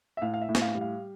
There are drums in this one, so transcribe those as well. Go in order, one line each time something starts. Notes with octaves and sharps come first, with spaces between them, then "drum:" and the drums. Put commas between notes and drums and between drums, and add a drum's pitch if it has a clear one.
E5
A2 F5
F5
E5
A2
E5, drum: snare
F5
G3
F5